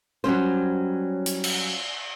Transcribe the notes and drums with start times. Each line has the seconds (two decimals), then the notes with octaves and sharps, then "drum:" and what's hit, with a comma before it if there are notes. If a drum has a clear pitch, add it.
0.24 F#3 G3 C#4 C5
1.26 drum: hi-hat
1.44 drum: cymbal